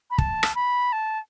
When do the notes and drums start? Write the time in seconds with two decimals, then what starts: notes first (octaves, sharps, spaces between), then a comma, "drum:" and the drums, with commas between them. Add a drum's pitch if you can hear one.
0.11 B5
0.18 A5, drum: kick
0.43 drum: rim click
0.55 B5
0.93 A5